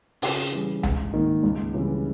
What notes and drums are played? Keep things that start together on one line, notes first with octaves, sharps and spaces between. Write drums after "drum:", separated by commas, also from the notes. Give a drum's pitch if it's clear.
C#3, drum: open hi-hat
E3 G3
G#2, drum: tom C2
D#3 A#3 D#4
C#2
C#3 E3 G3